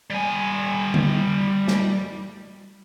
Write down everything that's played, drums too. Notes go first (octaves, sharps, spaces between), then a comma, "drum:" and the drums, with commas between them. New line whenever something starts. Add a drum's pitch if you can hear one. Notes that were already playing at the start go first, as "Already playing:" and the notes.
G3 G#5
drum: tom D3
drum: snare